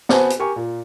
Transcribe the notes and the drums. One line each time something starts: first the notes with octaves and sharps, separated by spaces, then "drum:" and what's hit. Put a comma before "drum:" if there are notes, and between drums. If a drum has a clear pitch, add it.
B3 C4 F#4 C5 G#5 A5, drum: snare
drum: hi-hat
G4 A#4 G#5 C#6
A#2